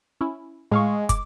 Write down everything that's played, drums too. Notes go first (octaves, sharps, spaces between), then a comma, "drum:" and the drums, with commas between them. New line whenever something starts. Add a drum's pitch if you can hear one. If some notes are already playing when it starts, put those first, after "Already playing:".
C#4 E4
A2 G#3 F5 C#6
D6, drum: kick, hi-hat